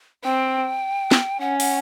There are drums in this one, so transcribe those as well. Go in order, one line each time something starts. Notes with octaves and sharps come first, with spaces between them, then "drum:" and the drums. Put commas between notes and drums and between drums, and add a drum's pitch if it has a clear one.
C4 G5
drum: snare
C#4 F#5
F#5, drum: open hi-hat